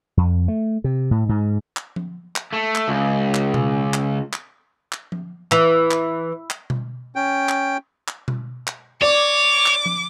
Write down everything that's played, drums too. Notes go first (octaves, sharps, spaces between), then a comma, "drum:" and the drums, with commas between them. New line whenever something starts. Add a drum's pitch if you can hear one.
F2
A3
C3
A2
G#2
drum: clap
drum: tom F3
drum: clap
A3
drum: clap
C#2
drum: clap
drum: tom B2
drum: clap
drum: clap
drum: clap
drum: tom F3
E3, drum: clap
drum: clap
drum: clap
drum: tom B2
C#4 G5
drum: clap
drum: clap
drum: tom B2
drum: clap
C#5 D5 D6
drum: clap
drum: tom F3